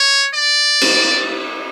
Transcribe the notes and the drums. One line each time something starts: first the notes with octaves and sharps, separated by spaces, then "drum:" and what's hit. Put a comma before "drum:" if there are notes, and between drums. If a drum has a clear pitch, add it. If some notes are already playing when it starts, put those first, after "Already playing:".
Already playing: C#5
D5
drum: cymbal